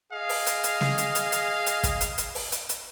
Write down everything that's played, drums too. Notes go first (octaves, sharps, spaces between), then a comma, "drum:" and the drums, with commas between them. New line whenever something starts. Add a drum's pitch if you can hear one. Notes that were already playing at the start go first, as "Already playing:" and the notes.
G#4 D#5 F5
drum: open hi-hat
drum: hi-hat
drum: hi-hat
drum: snare
drum: hi-hat
drum: hi-hat
drum: hi-hat
drum: hi-hat
drum: kick, hi-hat
drum: hi-hat
drum: hi-hat
drum: open hi-hat
drum: hi-hat
drum: hi-hat